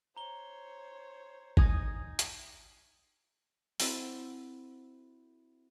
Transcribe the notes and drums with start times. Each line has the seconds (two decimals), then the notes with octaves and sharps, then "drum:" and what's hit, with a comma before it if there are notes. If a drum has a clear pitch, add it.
0.17 C5 C#5 A#5 G7
1.57 D#4 G#5 D#6 G#6 A#6, drum: kick G#1
2.19 drum: hi-hat
3.80 C4 E4 F#4 A4, drum: open hi-hat